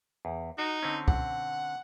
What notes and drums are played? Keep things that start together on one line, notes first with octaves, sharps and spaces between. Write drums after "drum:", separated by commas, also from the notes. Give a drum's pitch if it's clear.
E2
D#4 F#4
D3 C4 C#4
F#5, drum: kick